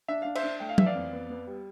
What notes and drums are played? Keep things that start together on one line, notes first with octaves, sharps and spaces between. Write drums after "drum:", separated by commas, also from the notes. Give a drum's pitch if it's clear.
D4 E5
D4 F5
C5 E5, drum: cymbal
D4
A3 G5
F5
E3 E5, drum: tom
D5 F5
F2
B3
B3
G3